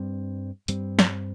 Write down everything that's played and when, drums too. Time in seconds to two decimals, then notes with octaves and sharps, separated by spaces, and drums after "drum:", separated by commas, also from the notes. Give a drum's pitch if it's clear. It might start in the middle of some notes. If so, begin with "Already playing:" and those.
Already playing: G2 G3 C4
0.68 G2 G3 C4, drum: hi-hat
0.99 drum: snare